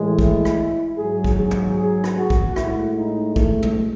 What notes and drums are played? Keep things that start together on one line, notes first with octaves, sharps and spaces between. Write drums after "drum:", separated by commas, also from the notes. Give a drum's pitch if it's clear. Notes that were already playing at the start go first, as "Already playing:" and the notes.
Already playing: A2 E3 G#3
E4, drum: kick
drum: rim click
G#2 F#3 G#4
drum: kick
G#4
drum: tom
G#4
drum: rim click
F#4
drum: kick
A2 G#3 E4, drum: rim click
D#4
A3, drum: kick
drum: tom